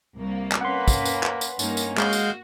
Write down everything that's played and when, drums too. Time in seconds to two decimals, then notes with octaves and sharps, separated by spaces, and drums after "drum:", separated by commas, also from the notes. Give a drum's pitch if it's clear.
0.17 C2 A#3
0.52 drum: clap
0.61 A#3 C#4 B4 F#5 C6
0.88 drum: kick, tambourine
1.05 drum: tambourine
1.23 drum: clap
1.41 drum: tambourine
1.59 G2 A#3 C#4 D#4, drum: tambourine
1.77 drum: tambourine
1.98 G#3 F#4 F5 G6, drum: clap
2.13 drum: tambourine